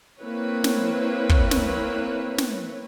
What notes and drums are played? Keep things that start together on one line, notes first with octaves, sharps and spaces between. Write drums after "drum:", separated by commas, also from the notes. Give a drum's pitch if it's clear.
A#3 C4 E4 B4 C#5
drum: snare
drum: kick
drum: snare
drum: snare